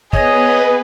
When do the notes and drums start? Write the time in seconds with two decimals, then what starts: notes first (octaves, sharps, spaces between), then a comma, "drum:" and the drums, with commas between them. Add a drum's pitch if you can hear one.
0.13 B3 G#4 B4 C#5 D#5, drum: kick